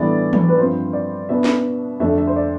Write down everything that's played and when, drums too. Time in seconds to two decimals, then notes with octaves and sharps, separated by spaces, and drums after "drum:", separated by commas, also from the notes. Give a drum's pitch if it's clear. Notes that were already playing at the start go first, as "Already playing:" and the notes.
Already playing: A2 E3 G3 B3 D4 D5
0.33 drum: tom E3
0.48 B4
0.58 G2 F3 C4 C5
0.93 D5
1.29 B2 B3 D4 E5
1.44 drum: snare
2.00 F2 D3 A3 D4 E5
2.18 E5
2.27 C5
2.36 D5